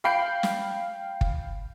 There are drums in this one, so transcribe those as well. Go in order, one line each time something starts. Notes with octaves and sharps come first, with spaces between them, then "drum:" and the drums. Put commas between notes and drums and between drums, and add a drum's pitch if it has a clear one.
F5 G5 B5 G6 C7 D7
drum: snare
drum: kick